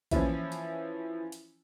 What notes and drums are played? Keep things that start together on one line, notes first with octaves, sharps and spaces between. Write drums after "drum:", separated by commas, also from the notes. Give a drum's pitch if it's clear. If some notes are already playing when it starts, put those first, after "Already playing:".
E3 F3 C#4 E4, drum: kick A#1, hi-hat
drum: hi-hat
drum: hi-hat